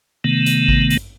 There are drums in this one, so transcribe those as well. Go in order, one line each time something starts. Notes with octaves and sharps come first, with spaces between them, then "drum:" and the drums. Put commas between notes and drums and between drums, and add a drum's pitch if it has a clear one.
C3 D#3 A3 B3
drum: hi-hat
drum: kick G#1
drum: hi-hat